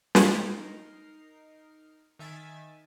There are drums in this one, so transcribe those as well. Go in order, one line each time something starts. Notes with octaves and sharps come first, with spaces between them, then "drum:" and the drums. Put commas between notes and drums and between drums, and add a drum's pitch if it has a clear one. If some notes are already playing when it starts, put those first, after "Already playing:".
D#4 A#4 C7, drum: snare
D#3 E5 G#5 A6